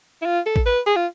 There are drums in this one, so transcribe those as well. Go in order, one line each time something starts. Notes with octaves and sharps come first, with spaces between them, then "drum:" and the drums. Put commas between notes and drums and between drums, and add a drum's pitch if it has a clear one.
E4
F4
A4
drum: kick A1
B4
G#4
F4